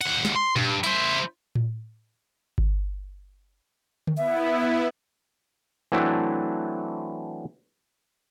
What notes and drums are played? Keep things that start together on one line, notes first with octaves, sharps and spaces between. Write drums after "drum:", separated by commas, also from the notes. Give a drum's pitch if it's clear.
D#2 F#5, drum: cymbal
drum: snare
C6
G2, drum: tom A#2
E4 C5, drum: hi-hat
drum: tom A2
drum: kick G1
drum: tom D3
B3 E4 E5
E3 F#3 A3 C4 D4 E4